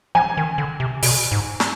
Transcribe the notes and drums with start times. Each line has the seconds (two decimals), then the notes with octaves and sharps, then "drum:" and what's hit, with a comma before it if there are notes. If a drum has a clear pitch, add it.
0.15 F3 G#5
0.37 D#3
0.58 D3
0.80 C3
1.03 B2, drum: open hi-hat
1.32 G#2
1.60 drum: snare